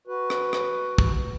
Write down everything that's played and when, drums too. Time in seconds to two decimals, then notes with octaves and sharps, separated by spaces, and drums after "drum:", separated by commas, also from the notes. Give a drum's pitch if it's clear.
0.07 F#4 B4
0.30 drum: rim click
0.53 drum: rim click
0.98 drum: kick